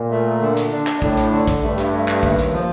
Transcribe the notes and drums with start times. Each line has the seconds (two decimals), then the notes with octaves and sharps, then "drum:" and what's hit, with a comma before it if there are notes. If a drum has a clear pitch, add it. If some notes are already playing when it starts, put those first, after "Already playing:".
Already playing: A#2
0.11 A3
0.41 D3
0.57 drum: hi-hat
0.72 D4
0.87 drum: clap
1.02 A2 D4, drum: kick A#1
1.17 drum: hi-hat
1.32 D3
1.47 drum: kick A#1, hi-hat
1.63 G2 A3
1.78 drum: hi-hat
1.94 A3
2.08 drum: clap
2.23 D#2, drum: kick A#1
2.38 drum: hi-hat
2.53 F3